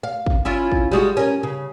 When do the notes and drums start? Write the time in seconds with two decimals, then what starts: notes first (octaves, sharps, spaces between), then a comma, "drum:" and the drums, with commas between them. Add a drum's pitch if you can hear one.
0.03 F5
0.26 drum: kick
0.45 C#4 E4 F4
0.72 drum: kick
0.92 G3 G#3 F#4
1.17 C#4 A#4
1.43 C#3